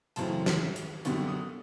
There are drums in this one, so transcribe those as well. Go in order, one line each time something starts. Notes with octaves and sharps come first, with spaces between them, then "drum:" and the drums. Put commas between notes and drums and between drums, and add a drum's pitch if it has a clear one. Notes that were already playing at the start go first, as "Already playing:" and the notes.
F#2 C#3 E3 A3 C4 A5, drum: hi-hat
drum: snare
drum: hi-hat
F#2 D3 G3 B3 C#6, drum: hi-hat
D#6